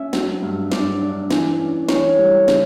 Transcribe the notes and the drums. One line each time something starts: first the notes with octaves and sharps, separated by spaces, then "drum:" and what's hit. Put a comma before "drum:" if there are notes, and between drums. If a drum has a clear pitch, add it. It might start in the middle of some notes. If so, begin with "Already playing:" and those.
Already playing: C#4 E5
F#3, drum: snare
G2
G2 D5, drum: snare
D4
E3, drum: snare
C#4
E3 C#5, drum: snare
G3
C#3, drum: snare